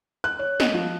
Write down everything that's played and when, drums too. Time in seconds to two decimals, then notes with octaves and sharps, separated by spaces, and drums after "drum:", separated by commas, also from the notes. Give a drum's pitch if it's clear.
0.24 F#6
0.39 C#5
0.60 D#5, drum: snare
0.74 F3